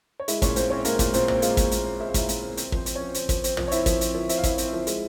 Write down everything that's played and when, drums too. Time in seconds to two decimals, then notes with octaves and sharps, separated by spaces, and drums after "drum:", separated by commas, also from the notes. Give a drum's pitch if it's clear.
0.20 C#5
0.28 G#3 E4 E5, drum: hi-hat
0.42 A#2 C#4 C#5, drum: kick, hi-hat
0.56 A#2 C4 C5, drum: hi-hat
0.70 C4 C#4 C#5
0.85 G#3 A#3 A#4, drum: hi-hat
0.99 A#2, drum: kick, hi-hat
1.14 A#2 C4 C5, drum: hi-hat
1.28 C4, drum: tom
1.42 G#3 F4 F5, drum: hi-hat
1.57 A#2, drum: kick, hi-hat
1.71 A#2, drum: hi-hat
1.86 C4
2.00 G#3 E5
2.09 F5
2.14 A#2 E4 E5, drum: kick, hi-hat
2.29 A#2, drum: hi-hat
2.43 C4
2.57 C4 C5, drum: hi-hat
2.72 F3 C4 C5, drum: kick
2.86 C4, drum: hi-hat
2.95 F3 C#4 C#5
3.14 C4, drum: hi-hat
3.29 F3, drum: kick, hi-hat
3.44 C4, drum: hi-hat
3.57 F3, drum: tom
3.68 C#5
3.71 C4 E4 E5, drum: hi-hat
3.86 F3, drum: kick, hi-hat
4.01 C4, drum: hi-hat
4.14 F3
4.29 C4 E5, drum: hi-hat
4.38 F5
4.44 F3 E4 E5, drum: kick, hi-hat
4.58 C4, drum: hi-hat
4.73 F3
4.87 G#3, drum: hi-hat